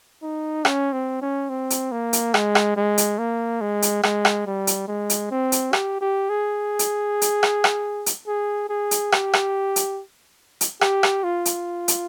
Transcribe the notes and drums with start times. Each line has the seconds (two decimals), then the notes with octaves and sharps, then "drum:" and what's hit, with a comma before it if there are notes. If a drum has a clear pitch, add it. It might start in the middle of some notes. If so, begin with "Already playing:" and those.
0.22 D#4
0.65 C#4, drum: rim click
0.93 C4
1.22 C#4
1.49 C4
1.70 drum: hi-hat
1.92 A#3
2.13 drum: hi-hat
2.34 G#3, drum: rim click
2.55 drum: rim click
2.77 G#3
2.98 drum: hi-hat
3.19 A#3
3.61 G#3
3.82 drum: hi-hat
4.03 G#3, drum: rim click
4.25 drum: rim click
4.47 G3
4.67 drum: hi-hat
4.88 G#3
5.10 drum: hi-hat
5.31 C4
5.52 drum: hi-hat
5.73 G4, drum: rim click
6.01 G4
6.30 G#4
6.79 drum: hi-hat
7.22 drum: hi-hat
7.43 drum: rim click
7.64 drum: rim click
8.06 drum: hi-hat
8.27 G#4
8.69 G#4
8.91 drum: hi-hat
9.12 G4, drum: rim click
9.33 drum: rim click
9.76 drum: hi-hat
10.61 drum: hi-hat
10.81 G4, drum: rim click
11.03 drum: rim click
11.24 F4
11.45 drum: hi-hat
11.88 drum: hi-hat